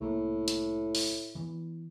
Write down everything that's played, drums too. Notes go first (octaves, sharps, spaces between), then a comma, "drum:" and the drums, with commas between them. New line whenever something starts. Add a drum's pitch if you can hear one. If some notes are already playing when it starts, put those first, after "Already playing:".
C2 A2 A#3
drum: hi-hat
drum: open hi-hat
E3 B3